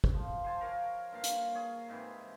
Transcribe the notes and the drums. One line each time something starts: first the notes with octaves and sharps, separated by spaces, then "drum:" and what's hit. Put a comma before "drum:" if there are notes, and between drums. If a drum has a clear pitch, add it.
drum: kick
F3
C5 G#5 A5
A#4 C#5 F5
G2 A#2 F5
drum: hi-hat
G#4 C#5
G#2 C3 E3